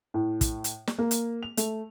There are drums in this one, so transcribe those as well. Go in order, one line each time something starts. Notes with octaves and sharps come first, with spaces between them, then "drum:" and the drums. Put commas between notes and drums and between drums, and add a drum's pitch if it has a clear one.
A2
drum: kick, hi-hat
drum: hi-hat
drum: snare
A#3
drum: hi-hat
F7
A3, drum: hi-hat